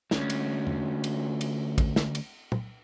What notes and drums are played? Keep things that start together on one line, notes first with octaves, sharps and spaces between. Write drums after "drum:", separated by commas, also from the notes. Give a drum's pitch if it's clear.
D2 C#4, drum: snare
drum: cymbal
drum: tom E2
drum: cymbal
drum: cymbal
drum: kick A1, cymbal
drum: snare
drum: cymbal
drum: tom